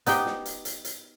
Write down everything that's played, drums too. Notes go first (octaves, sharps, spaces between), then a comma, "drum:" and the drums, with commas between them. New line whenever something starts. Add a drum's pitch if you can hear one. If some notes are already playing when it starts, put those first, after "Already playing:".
B3 D#4 G4 G5, drum: hi-hat
drum: snare
drum: hi-hat
drum: hi-hat
drum: hi-hat